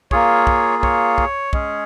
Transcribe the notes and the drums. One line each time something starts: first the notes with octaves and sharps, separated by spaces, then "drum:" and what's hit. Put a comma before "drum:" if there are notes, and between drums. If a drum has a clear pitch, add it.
A#3 F4 G#4 C#5, drum: kick
drum: kick
C#5, drum: kick
drum: kick
G#3 C#4 G#4, drum: kick